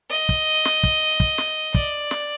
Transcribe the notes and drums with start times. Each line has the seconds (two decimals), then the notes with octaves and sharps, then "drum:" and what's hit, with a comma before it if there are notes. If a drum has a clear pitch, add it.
0.10 D#5
0.29 drum: kick
0.65 drum: snare
0.83 drum: kick
1.20 drum: kick
1.38 drum: snare
1.75 D5, drum: kick
2.11 drum: snare